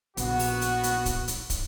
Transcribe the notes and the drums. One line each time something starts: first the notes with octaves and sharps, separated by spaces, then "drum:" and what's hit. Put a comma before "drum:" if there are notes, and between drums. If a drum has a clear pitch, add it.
A#1 B3 F#4, drum: hi-hat
drum: open hi-hat
drum: hi-hat
drum: hi-hat
drum: kick, hi-hat
drum: hi-hat
drum: kick, hi-hat